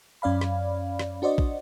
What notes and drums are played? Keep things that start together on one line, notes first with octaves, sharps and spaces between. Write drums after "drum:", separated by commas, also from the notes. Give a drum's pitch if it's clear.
F#2 C#4 D5 F5 B5
drum: rim click
drum: rim click
D4 F#4 C5 D5 D#5
drum: kick